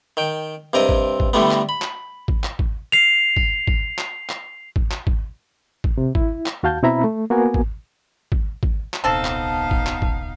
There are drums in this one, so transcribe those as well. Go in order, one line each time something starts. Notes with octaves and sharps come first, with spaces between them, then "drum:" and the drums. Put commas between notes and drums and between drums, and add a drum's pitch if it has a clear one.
D#3 G5
G2 C3 C4 A#4 D#5
drum: kick G#1
drum: kick G#1
A2 D3 G3 A3 B3
drum: clap
B5
drum: clap
drum: kick G#1
drum: clap
drum: kick G#1
C7 F7
drum: kick G#1
drum: kick G#1
drum: clap
drum: clap
drum: kick G#1
drum: clap
drum: kick G#1
drum: kick G#1
C3
E4, drum: kick G#1
drum: clap
D#2 F#4 F5 A5 G6
B2 C4 E4 E5 A#5 B5
A3
A#3 B3 F#4 A#4 G#5
drum: kick G#1
drum: kick G#1
drum: kick G#1
drum: clap
D#1 C2 B3 C4 D#4 A4 F5 A5
drum: clap
drum: kick G#1
drum: clap
drum: kick G#1